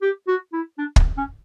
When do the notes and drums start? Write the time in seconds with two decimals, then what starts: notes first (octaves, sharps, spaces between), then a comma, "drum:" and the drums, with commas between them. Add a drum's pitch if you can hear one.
0.02 G4
0.28 F#4
0.53 E4
0.78 D4
0.96 drum: kick
1.17 C#4